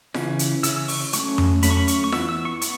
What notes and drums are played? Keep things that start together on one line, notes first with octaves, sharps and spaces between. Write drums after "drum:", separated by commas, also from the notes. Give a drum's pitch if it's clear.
C#3 E3 C#4, drum: snare F4
drum: hi-hat
C#3 E3 C#4 E6, drum: hi-hat
E6
C#6, drum: open hi-hat
F#3 A3 C#4 C#6, drum: hi-hat
drum: tom F2
F#3 A3 C#4 B5, drum: hi-hat
C#6
B5
C#6, drum: hi-hat
C#6
E3 B3 E6, drum: snare F4
E6
C#6
B3 C#6, drum: hi-hat